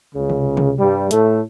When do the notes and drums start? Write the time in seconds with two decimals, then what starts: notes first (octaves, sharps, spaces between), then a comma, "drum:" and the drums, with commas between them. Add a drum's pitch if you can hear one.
0.15 C#2 C#3
0.30 drum: tom C3
0.57 drum: tom C3
0.79 G2 G3
1.11 A2 A3, drum: hi-hat